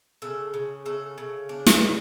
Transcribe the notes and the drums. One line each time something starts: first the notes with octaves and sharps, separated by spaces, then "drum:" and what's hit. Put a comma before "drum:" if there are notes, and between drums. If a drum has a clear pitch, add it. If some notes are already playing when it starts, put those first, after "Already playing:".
C#3 A4
C#3
C#3 A4
C#3
D4
drum: snare
C#3